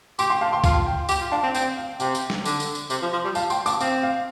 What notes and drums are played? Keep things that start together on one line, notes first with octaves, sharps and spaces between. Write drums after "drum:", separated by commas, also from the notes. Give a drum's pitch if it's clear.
G4 G5 C6, drum: tambourine
G5 C6
F5 A5
G5 C6
F4 F5 A5, drum: kick C2, tambourine
G5
G4 G5, drum: tambourine
F4
D4 F5 A5
C4
C4 G5, drum: tambourine
F5
C3 G5, drum: tambourine
drum: tambourine
drum: snare
D3, drum: tambourine
drum: tambourine
drum: tambourine
C3, drum: tambourine
F3
F3
G3
F5 A5, drum: tambourine
G5 C6, drum: tambourine
A5 D6, drum: tambourine
C4 F5, drum: tambourine
F5